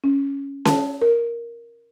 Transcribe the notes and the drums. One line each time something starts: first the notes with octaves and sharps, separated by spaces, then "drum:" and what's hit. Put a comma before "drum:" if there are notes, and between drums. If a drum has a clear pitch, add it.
C#4
A5, drum: snare C#4
A#4